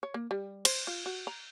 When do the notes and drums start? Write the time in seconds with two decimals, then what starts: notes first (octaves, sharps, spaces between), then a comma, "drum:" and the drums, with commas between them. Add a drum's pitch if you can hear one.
0.03 C#5
0.14 A#3
0.31 G3
0.65 C5, drum: cymbal
0.87 F4
1.06 F#4
1.27 A#5